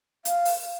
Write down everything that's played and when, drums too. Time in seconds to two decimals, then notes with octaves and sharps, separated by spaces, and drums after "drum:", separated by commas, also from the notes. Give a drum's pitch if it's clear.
0.25 F5, drum: hi-hat
0.45 drum: open hi-hat